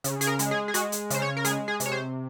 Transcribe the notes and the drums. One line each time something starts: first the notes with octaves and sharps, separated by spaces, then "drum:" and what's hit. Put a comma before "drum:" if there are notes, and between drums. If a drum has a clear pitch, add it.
C#3, drum: hi-hat
G#4, drum: hi-hat
A#4
G#3, drum: hi-hat
G#4
G#4
G#3 F#4, drum: hi-hat
drum: hi-hat
C#3 C5, drum: hi-hat
C#5
A#4
G#3 G#4, drum: hi-hat
G#4
C3, drum: hi-hat
C#5
C5